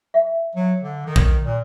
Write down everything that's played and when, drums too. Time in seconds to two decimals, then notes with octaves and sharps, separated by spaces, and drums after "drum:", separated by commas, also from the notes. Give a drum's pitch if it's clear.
0.14 E5
0.55 F#3
0.81 D3
1.07 D#3
1.16 drum: kick A#1
1.45 A#2